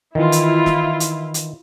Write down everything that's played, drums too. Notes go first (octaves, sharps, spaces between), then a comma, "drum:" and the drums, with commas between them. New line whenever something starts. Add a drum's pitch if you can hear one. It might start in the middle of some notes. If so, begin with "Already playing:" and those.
D#3 E3 E4 F4
drum: hi-hat
drum: snare
drum: hi-hat
drum: hi-hat